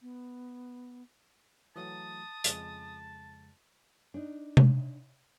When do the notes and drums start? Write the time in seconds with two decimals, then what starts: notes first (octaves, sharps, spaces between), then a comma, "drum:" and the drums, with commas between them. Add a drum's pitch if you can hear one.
0.01 B3
1.76 E3 F#3 A3 A5 D#6
2.44 F2 C#3 G#3, drum: hi-hat
4.14 D4 D#4
4.57 drum: tom C3